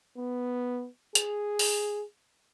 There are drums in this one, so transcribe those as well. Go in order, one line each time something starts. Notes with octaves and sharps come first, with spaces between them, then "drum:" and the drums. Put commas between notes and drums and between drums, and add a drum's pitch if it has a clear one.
B3
G#4, drum: hi-hat
drum: open hi-hat